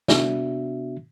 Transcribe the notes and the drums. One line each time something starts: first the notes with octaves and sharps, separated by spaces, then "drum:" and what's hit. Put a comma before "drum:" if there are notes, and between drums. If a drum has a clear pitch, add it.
C3 B3 D4 F#4 E5, drum: snare